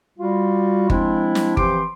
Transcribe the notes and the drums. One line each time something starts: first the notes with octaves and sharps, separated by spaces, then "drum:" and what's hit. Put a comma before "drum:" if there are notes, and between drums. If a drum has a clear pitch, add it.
G3 F4 F#4
F3 G#3 C4 D4 E4, drum: kick G1
drum: snare
E3 F3 C4 G4 C6 D6, drum: kick G1